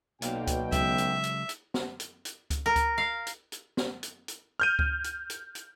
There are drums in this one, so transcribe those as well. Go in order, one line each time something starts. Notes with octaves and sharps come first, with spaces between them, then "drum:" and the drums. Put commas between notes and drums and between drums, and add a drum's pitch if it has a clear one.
B1 B2 A#3 D5 F5 G5, drum: hi-hat
drum: kick C#2, hi-hat
C#3 F#3 G#3 E5, drum: kick C#2, hi-hat
drum: hi-hat
drum: hi-hat
drum: hi-hat
drum: snare
drum: hi-hat
drum: hi-hat
drum: kick C#2, hi-hat
A#4
drum: kick C#2, hi-hat
F5
drum: hi-hat
drum: hi-hat
drum: snare
drum: hi-hat
drum: hi-hat
F6 G6 D#7
drum: kick C#2
drum: hi-hat
drum: hi-hat
drum: hi-hat